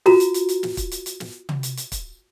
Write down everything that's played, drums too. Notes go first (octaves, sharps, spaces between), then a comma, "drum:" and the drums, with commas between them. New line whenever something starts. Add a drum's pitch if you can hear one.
F4 F#4 A#5, drum: snare
drum: hi-hat
drum: hi-hat
drum: hi-hat
drum: snare
drum: kick, hi-hat
drum: hi-hat
drum: hi-hat
drum: snare
drum: tom
drum: hi-hat
drum: hi-hat
drum: kick, hi-hat